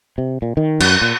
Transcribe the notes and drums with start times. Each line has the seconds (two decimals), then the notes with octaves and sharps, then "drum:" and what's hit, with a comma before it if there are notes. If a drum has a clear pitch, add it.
0.18 C3
0.42 A#2
0.57 D#3
0.80 F#2, drum: cymbal
1.02 A#2